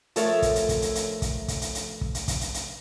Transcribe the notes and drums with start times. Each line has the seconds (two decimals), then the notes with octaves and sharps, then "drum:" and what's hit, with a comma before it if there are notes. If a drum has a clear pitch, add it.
0.16 F3 A3 A4 A#4 C#5 E5, drum: hi-hat
0.42 drum: kick, hi-hat
0.56 drum: hi-hat
0.69 drum: kick, hi-hat
0.82 drum: hi-hat
0.95 drum: hi-hat
1.22 drum: kick, hi-hat
1.48 drum: kick, hi-hat
1.62 drum: hi-hat
1.75 drum: hi-hat
2.01 drum: kick
2.15 drum: hi-hat
2.28 drum: kick, hi-hat
2.41 drum: hi-hat
2.54 drum: hi-hat